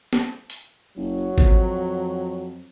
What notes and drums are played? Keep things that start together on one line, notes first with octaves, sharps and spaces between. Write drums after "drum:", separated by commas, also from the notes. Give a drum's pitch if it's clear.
drum: snare
drum: hi-hat
F#1 F#3
F2, drum: kick